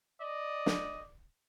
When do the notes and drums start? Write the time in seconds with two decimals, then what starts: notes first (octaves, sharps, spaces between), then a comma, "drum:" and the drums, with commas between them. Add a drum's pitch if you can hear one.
0.21 D5 D#5
0.66 drum: snare